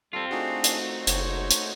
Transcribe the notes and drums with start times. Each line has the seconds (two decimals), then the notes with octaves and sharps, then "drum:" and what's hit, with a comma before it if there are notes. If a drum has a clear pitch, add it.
0.13 G3 C4 F4 A4
0.31 A3 D4 D#4 F#4 G#4
0.64 drum: hi-hat
1.07 F#1 C5 C#5, drum: hi-hat
1.51 drum: hi-hat